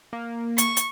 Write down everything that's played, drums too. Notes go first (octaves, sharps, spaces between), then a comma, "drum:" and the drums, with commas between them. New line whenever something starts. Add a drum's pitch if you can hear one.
A#3
C#6, drum: hi-hat
drum: hi-hat